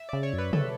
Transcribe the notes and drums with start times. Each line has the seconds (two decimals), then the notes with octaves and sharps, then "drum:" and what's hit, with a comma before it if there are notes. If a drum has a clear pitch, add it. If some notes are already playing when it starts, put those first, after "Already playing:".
Already playing: E5
0.09 C#3 D5
0.23 C#5
0.33 F#2 B4
0.53 A4, drum: tom